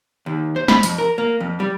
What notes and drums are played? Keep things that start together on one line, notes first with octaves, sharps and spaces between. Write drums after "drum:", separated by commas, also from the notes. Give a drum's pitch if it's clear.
D#2
C5
B5, drum: snare
F2, drum: hi-hat
A#4
A#3
F2
G3